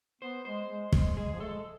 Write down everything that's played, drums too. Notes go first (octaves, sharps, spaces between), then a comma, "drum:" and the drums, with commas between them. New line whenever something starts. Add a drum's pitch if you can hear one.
B3 C5
G#3 C5
G#3
G#3, drum: kick
G#3 G#4
F3
A3 A4
G#3